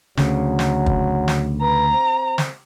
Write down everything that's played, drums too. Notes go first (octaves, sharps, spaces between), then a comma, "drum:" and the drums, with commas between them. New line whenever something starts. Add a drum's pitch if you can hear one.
D2 C#3 F#3, drum: snare
drum: snare
drum: kick
drum: snare
B4 A#5
C4
drum: snare